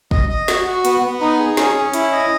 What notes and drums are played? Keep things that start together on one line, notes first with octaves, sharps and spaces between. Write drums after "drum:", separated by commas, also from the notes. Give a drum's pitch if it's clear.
D#5, drum: kick
D#5
F#4, drum: snare
F#4
B3, drum: hi-hat
B3
D#4
G#4
C#4, drum: snare
C#4
E4, drum: hi-hat
D#5